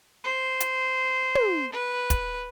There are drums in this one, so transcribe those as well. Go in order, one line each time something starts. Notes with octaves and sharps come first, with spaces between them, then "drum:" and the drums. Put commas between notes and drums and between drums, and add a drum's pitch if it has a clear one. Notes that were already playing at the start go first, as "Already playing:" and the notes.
C5
drum: hi-hat
drum: tom
B4
drum: kick, hi-hat